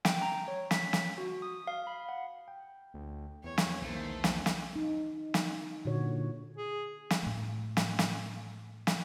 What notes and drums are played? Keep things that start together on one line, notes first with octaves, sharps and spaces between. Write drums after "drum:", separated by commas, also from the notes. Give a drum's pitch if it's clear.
G5, drum: snare
A#5
C#5
B6, drum: snare
drum: snare
F#4
D#6
F5
B5
F#5
G5
D2
E2 C#5
drum: snare
B1 D#3 A3 A#3 C5
drum: snare
drum: snare
D#4
drum: snare
A#2 D3 F#4 C#5
G#4
drum: snare
A2 A3
drum: snare
drum: snare
drum: snare